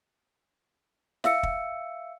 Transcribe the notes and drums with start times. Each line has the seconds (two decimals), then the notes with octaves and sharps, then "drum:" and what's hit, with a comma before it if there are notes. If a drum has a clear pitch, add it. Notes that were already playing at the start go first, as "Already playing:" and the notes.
1.24 E5 F5 E6 C#7, drum: snare
1.43 drum: kick